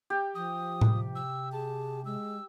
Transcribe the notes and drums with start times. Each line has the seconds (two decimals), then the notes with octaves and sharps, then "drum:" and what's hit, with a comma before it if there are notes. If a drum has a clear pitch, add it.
0.10 G4
0.35 F3 D#6
0.81 C3, drum: tom A2
1.15 E6
1.53 G#4 A5
2.05 G#3 E6